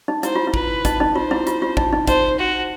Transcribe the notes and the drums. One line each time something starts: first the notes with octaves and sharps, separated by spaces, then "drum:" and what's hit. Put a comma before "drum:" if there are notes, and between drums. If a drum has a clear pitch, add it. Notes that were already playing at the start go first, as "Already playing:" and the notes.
D#4
E4 C5, drum: hi-hat
F4
E4
B4, drum: kick
D#4, drum: kick, hi-hat
D#4
F4 C5
E4
F4, drum: hi-hat
F4
D#4, drum: kick
D#4
D#4 C5, drum: kick, hi-hat
F#4